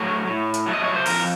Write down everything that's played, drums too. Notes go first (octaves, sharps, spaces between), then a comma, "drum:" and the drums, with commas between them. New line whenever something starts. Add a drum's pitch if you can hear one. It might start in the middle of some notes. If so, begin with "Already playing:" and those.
Already playing: F#3 A3 C#5
A2
drum: hi-hat
F#3 A3
D#5
C#5
C5
F2 A#4, drum: open hi-hat